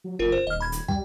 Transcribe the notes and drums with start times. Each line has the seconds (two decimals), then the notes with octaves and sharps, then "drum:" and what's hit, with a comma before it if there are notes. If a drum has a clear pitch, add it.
0.04 F#3
0.19 F#1 F4 A#4
0.32 C5
0.47 D#1 D#5 F6
0.60 B5 G#6
0.72 drum: hi-hat
0.88 G3 G5, drum: kick